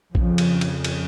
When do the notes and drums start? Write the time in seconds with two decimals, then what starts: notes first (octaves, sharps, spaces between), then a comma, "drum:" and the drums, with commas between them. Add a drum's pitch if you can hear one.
0.15 F2 C#3 F3, drum: kick
0.38 drum: cymbal
0.61 drum: cymbal
0.84 drum: cymbal